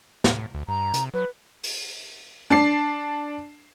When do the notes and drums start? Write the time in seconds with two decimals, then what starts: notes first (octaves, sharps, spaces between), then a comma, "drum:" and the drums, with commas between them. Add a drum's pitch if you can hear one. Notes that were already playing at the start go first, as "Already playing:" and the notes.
0.24 A2, drum: snare
0.55 D2
0.68 G2 A#5
0.94 C3, drum: hi-hat
1.14 F#3 B4
1.63 drum: open hi-hat
2.50 D4 A5 C7